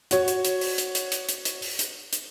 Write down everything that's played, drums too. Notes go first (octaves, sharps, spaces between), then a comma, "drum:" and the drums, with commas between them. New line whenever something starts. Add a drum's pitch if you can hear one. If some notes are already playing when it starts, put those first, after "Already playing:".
F#4 C#5, drum: hi-hat
drum: hi-hat
drum: hi-hat
drum: open hi-hat
drum: hi-hat
drum: hi-hat
drum: hi-hat
drum: hi-hat
drum: hi-hat
drum: open hi-hat
drum: hi-hat
drum: hi-hat